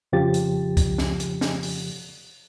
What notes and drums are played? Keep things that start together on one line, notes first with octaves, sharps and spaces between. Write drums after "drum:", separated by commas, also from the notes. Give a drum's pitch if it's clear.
F2 C#3 F3 G4 A6
drum: hi-hat
drum: kick C2, hi-hat
drum: snare
drum: hi-hat
drum: snare
drum: open hi-hat